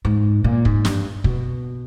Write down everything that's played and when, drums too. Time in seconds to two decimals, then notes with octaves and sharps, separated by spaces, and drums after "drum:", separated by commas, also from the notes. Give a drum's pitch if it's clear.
0.05 G#2
0.44 A#2
0.65 G#2, drum: kick
0.85 G2, drum: snare
1.24 B2, drum: kick